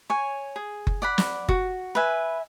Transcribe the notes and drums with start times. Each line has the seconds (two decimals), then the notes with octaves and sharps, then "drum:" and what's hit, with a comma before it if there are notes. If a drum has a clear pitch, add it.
0.10 C#5 G#5
0.56 G#4
0.87 drum: kick F#1
1.02 D5 F#5 B5
1.18 drum: snare
1.49 F#4, drum: kick F#1
1.95 B4 E5 G#5